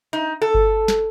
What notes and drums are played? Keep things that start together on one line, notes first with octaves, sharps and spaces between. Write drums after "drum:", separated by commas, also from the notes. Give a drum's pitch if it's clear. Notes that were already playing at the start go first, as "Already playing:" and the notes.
D#4
A4
drum: kick G1
drum: snare